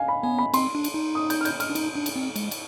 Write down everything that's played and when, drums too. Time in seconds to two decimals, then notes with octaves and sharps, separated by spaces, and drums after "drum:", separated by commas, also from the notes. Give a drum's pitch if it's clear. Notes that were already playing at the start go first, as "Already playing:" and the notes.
Already playing: F5 G#5
0.08 B5
0.23 B3 G#5
0.39 B5
0.54 C4 C6, drum: cymbal
0.75 D4
0.84 drum: cymbal
0.94 D#4
1.15 D#6
1.30 G6, drum: cymbal
1.41 F6
1.45 G6, drum: cymbal
1.60 F6, drum: cymbal
1.70 D4
1.75 D#4, drum: cymbal
1.96 D4
2.06 drum: cymbal
2.16 C4
2.36 G#3, drum: cymbal
2.51 drum: cymbal